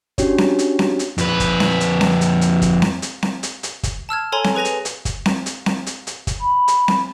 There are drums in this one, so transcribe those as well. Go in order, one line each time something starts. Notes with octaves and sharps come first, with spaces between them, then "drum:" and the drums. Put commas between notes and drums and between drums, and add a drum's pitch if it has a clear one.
C#4 D4 F#4 G4 C#5, drum: kick G1, hi-hat
drum: snare C4
drum: hi-hat
drum: snare C4
drum: hi-hat
F2 B4, drum: hi-hat
drum: kick G1, hi-hat
drum: snare C4
drum: hi-hat
drum: snare C4
drum: hi-hat
drum: hi-hat
drum: kick G1, hi-hat
drum: snare C4
drum: hi-hat
drum: snare C4
drum: hi-hat
drum: hi-hat
drum: kick G1, hi-hat
A5 E6 F6 G#6
A4 C#5 G#5 A#5 C6
drum: snare C4
G#4 B4 G#5 A#6 F7
drum: hi-hat
drum: hi-hat
drum: kick G1, hi-hat
drum: snare C4
drum: hi-hat
drum: snare C4
drum: hi-hat
drum: hi-hat
drum: kick G1, hi-hat
B5
drum: hi-hat
drum: snare C4